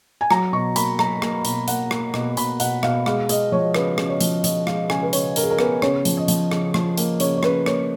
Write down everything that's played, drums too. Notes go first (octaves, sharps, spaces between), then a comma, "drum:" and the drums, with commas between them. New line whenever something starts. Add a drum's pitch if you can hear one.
G#5
F#3 A#5, drum: rim click
B2 C#6
A#3 B5, drum: hi-hat
F#3 A#5, drum: rim click
A#3, drum: rim click
B2, drum: hi-hat
A#3 F#5, drum: hi-hat
A#3, drum: rim click
B2, drum: rim click
B2 B5, drum: hi-hat
B2 F#5, drum: hi-hat
B2 F5, drum: rim click
G#3 F5, drum: rim click
G#3 D#5, drum: hi-hat
F3 C#5
C#3 B4, drum: rim click
C#3, drum: rim click
C#5
F3, drum: hi-hat
F3 D#5, drum: hi-hat
G#3 F5, drum: rim click
C#3 G#5, drum: rim click
B4
C#3 C#5, drum: hi-hat
C#3 A#4, drum: hi-hat
G#4
A#4
B3 B4, drum: rim click
C#3 C#5, drum: rim click
F3, drum: hi-hat
D#5
F3, drum: hi-hat
C#3, drum: rim click
F3, drum: rim click
A#3, drum: hi-hat
C#3 C#5, drum: hi-hat
C#5
C#3 B4, drum: rim click
A#3 C#5, drum: rim click